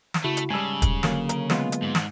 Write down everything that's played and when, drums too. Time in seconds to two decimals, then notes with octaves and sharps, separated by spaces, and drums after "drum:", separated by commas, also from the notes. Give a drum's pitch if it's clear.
0.14 drum: snare
0.24 C#3 A3 E4 F#4
0.37 drum: hi-hat
0.50 G#2 C#3 G3 G#5 A5 E6
0.82 drum: kick, hi-hat
1.03 D3 F#3 A#3, drum: snare
1.29 A#4, drum: hi-hat
1.50 G#3 B3 F4, drum: snare
1.72 drum: hi-hat
1.82 G#2
1.95 drum: snare